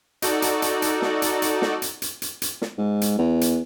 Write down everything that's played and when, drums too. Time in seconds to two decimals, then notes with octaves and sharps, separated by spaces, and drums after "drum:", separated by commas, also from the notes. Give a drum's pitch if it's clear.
0.22 D#4 F#4 A4 D5, drum: hi-hat
0.42 drum: hi-hat
0.62 drum: hi-hat
0.82 drum: hi-hat
1.02 drum: snare
1.22 drum: hi-hat
1.42 drum: hi-hat
1.62 drum: snare
1.82 drum: hi-hat
2.02 drum: hi-hat
2.22 drum: hi-hat
2.42 drum: hi-hat
2.62 drum: snare
2.78 G#2
3.01 drum: hi-hat
3.18 E2
3.41 drum: hi-hat